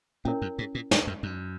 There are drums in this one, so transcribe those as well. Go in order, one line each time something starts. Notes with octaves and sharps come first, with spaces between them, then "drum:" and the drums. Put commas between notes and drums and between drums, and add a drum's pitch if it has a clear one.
A#2 C#4 E4 A#4 C#5
F#2
G#2
A#2
G#2, drum: snare
F#2
F#2